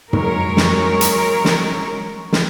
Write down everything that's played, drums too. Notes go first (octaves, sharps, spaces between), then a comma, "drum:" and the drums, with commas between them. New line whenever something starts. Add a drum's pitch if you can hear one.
F#3 G#3 A#4 C#5, drum: tom
drum: snare
drum: hi-hat
drum: snare
drum: snare